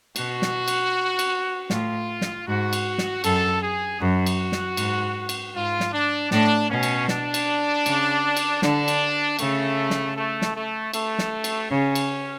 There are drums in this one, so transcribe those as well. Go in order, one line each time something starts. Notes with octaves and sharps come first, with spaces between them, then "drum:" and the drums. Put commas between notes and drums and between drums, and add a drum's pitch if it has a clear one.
B2 F#4, drum: cymbal
drum: snare
drum: cymbal
drum: cymbal
A2 F4, drum: snare
drum: snare
G#2 F#4
drum: cymbal
drum: snare
F#2 A4, drum: cymbal
G#4
F#2 F#4
drum: cymbal
drum: snare
G#2, drum: cymbal
drum: cymbal
G#2 F4
drum: snare
D4
A2 D4, drum: snare
B2 C#4
drum: cymbal
D4, drum: snare
drum: cymbal
C#3, drum: cymbal
drum: cymbal
D3 D4, drum: snare
drum: cymbal
C#3 A3, drum: cymbal
drum: snare
A3
drum: snare
A3
A3, drum: cymbal
drum: snare
drum: cymbal
C#3 C#4
drum: cymbal